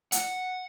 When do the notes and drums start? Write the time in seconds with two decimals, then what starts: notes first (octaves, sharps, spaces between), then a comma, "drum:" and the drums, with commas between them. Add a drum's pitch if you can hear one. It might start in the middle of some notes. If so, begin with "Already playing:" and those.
0.12 F#5, drum: hi-hat